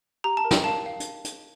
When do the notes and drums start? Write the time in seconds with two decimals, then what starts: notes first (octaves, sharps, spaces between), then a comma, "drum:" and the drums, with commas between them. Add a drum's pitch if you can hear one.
0.24 G4 A#5
0.37 A5
0.45 A#4
0.51 G5, drum: snare
0.64 F5 A5
0.86 F5
1.00 drum: hi-hat
1.25 drum: hi-hat